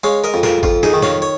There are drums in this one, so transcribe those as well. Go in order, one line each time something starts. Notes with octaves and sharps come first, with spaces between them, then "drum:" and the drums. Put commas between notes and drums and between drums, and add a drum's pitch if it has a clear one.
G#3 C#5 F5
A#4 D#5
F2
F4 A#4, drum: snare
F2 F4, drum: kick G#1
D#4 G#4, drum: snare
D#3
C#5 F5, drum: snare
C#5